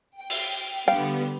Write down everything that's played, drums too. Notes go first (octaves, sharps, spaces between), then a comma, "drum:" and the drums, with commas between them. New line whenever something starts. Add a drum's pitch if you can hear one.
G5
drum: open hi-hat
D3 G3 B3 F5 G5